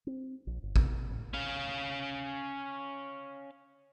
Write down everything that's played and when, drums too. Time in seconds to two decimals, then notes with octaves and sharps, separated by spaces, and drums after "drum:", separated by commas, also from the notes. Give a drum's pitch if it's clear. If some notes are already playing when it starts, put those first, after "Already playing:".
0.07 C4
0.47 A#1
0.62 G1
0.76 C3, drum: kick A1
0.89 B2
1.10 A1
1.34 C#4 F5